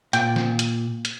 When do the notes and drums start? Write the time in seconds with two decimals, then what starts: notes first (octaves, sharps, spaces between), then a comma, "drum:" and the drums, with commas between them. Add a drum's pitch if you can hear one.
0.13 A#2 G5, drum: hi-hat
0.36 drum: snare
0.59 drum: hi-hat
1.05 drum: hi-hat